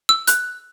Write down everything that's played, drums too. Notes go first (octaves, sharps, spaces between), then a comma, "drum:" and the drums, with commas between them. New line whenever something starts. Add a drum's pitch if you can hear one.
E6
F#6, drum: hi-hat